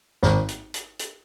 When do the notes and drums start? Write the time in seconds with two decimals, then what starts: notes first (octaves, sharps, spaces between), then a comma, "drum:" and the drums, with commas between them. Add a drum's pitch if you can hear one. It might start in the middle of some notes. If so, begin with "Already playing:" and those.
0.23 G#1, drum: snare
0.48 drum: hi-hat
0.74 drum: hi-hat
0.99 drum: hi-hat